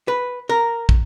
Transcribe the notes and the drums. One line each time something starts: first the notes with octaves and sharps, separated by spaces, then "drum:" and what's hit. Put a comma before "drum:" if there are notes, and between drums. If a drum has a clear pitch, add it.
B4
A#4
drum: kick